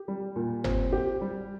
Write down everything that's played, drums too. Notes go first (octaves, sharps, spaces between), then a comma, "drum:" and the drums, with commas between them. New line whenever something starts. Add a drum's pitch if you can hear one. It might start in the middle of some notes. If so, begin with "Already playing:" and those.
Already playing: G4
G3
A#2
C4, drum: tom G1
G4
G3